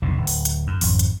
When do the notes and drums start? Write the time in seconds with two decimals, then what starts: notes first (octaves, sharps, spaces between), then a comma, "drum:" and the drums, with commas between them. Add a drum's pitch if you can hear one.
0.02 F1 B1 A2 D3
0.17 D1
0.27 drum: open hi-hat
0.45 drum: hi-hat
0.67 F#2
0.81 G#1 F2, drum: open hi-hat
0.99 drum: hi-hat